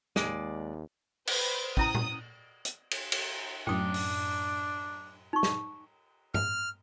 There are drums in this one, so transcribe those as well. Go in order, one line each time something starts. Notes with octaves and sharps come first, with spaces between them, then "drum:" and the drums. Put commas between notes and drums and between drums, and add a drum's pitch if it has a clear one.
D#2 G#3 D5, drum: snare
B4 C5, drum: cymbal
C#4 E4 A#5 D#6, drum: kick
drum: tom A#2
drum: hi-hat
drum: cymbal
drum: cymbal
F#2 A2 D4 G5 D#6
drum: open hi-hat
D#4 C#6
drum: snare
F6, drum: tom G2